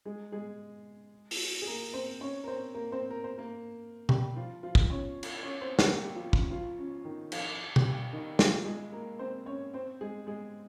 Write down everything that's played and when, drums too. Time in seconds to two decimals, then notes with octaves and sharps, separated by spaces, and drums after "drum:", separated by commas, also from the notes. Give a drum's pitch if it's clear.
0.05 G#3 G#4
0.32 G#3 G#4
1.31 drum: open hi-hat
1.62 G#4
1.67 A#3 A#4
1.93 C4 C5
2.20 C#4 C#5
2.44 A#4
2.47 C4 C5
2.74 A#3 A#4
2.92 C4 C5
3.10 A#4
3.24 C5
3.38 A#3 A#4
4.09 G3 G4, drum: tom B2
4.36 F3 F4
4.63 F3 F4
4.75 drum: kick
4.90 C#4 C#5
5.23 drum: cymbal
5.43 C#4 C#5
5.61 C4 C5
5.79 A#3 A#4, drum: snare
5.97 G3 G4
6.15 F3 F4
6.33 C#4, drum: kick
6.50 F3 F4
6.78 C#4
7.04 D#3 D#4
7.32 F3 F4, drum: cymbal
7.76 G3 G4, drum: tom B2
7.94 G3 G4
8.13 D#3 D#4
8.39 F3 F4, drum: snare
8.65 G#3 G#4
8.92 A#3 A#4
9.19 C4 C5
9.46 C#4 C#5
9.74 C4 C5
10.01 G#3 G#4
10.27 G#3 G#4